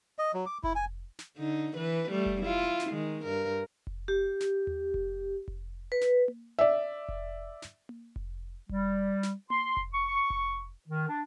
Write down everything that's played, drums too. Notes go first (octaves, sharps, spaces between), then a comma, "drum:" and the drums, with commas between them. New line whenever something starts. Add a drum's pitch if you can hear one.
D#5
F#3
D6
E4, drum: kick F1
G#5
drum: snare
D3 D#4
E3 B4
G3 A3
drum: kick F1
E4 F4
drum: snare
D#3 G#3
G2 A#4
drum: kick F1
G4
drum: snare
drum: tom D#2
drum: kick F1
drum: kick F1
B4
drum: snare
drum: tom A#3
D5 E5
drum: kick F1
drum: snare
drum: tom A#3
drum: kick F1
G3, drum: kick F1
drum: snare
C6, drum: tom A#3
drum: kick F1
C#6
drum: kick F1
D#3
D4